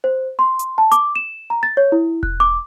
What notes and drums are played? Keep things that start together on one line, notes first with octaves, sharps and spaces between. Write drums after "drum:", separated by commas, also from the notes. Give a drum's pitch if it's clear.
C5
C6
drum: hi-hat
A5
D6, drum: hi-hat
E7
A#5
A6
C#5
E4
F#6, drum: kick E1
D6